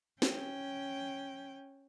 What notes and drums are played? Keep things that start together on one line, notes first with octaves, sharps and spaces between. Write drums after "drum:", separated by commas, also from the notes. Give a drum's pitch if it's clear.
C#4 G5, drum: snare